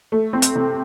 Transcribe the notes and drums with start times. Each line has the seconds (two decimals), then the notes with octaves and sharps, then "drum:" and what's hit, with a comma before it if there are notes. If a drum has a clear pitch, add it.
0.12 A3
0.33 C4
0.42 drum: hi-hat
0.55 C3